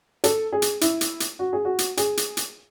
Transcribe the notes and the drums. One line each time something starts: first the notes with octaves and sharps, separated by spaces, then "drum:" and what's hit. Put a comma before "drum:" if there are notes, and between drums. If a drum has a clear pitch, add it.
A4, drum: hi-hat
G#4
drum: hi-hat
E4, drum: hi-hat
drum: hi-hat
drum: hi-hat
F#4
G#4
F#4
drum: hi-hat
G#4, drum: hi-hat
drum: hi-hat
drum: hi-hat